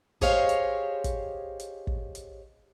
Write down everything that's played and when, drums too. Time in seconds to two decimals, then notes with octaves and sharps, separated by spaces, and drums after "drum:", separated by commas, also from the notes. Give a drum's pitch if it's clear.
0.21 G4 G#4 C5 C#5 D#5 F5, drum: kick
0.49 drum: hi-hat
1.04 drum: kick, hi-hat
1.60 drum: hi-hat
1.87 drum: kick
2.15 drum: hi-hat